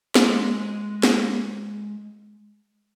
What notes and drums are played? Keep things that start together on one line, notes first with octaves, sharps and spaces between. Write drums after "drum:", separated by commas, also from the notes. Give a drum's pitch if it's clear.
G#3 D#5, drum: snare
drum: snare